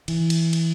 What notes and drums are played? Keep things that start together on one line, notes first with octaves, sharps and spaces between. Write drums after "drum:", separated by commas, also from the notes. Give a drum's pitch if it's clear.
E3, drum: cymbal
drum: cymbal
drum: cymbal